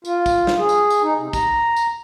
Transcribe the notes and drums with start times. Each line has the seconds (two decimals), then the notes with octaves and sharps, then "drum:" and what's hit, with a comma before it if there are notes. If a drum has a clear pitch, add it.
0.05 F4, drum: tambourine
0.26 drum: kick, tambourine
0.47 drum: snare
0.58 G#4
0.69 drum: tambourine
0.90 drum: tambourine
1.03 D#4
1.18 C3
1.33 A#5, drum: kick, tambourine
1.76 drum: tambourine